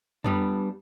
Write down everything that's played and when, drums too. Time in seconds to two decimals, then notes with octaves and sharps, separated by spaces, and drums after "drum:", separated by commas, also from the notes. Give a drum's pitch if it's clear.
0.24 G3 B3 D4, drum: tom F2